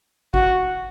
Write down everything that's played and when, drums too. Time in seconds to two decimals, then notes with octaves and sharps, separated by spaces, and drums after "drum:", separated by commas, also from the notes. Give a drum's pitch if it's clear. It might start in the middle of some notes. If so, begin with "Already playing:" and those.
0.34 F#4, drum: kick